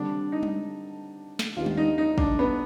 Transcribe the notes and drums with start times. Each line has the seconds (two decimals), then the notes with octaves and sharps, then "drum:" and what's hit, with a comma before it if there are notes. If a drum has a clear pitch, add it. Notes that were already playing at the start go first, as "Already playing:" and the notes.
Already playing: D3 G3 C4 D4
0.32 D#4
0.43 drum: tom G3
1.39 drum: snare
1.56 D#2 D#3 B3 D4 F4 G4
1.66 drum: tom G3
1.77 D#4
1.98 D#4
2.18 D4, drum: kick
2.39 B3